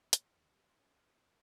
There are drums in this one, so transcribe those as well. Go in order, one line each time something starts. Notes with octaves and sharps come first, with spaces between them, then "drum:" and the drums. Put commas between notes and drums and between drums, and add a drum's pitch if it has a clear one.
E5
C#5, drum: hi-hat
F5
D#2
G3
C5
C#4
F5
D#6
A#4